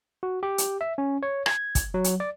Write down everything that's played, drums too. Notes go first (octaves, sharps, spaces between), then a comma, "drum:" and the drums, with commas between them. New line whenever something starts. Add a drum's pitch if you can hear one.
F#4
G4
drum: hi-hat
E5
C#4
C#5
G#6, drum: rim click
drum: kick, hi-hat
F#3
drum: hi-hat
D5